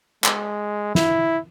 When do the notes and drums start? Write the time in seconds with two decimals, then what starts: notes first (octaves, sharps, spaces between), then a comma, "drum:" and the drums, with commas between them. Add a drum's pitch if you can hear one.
0.24 G#3, drum: clap
0.95 E4, drum: snare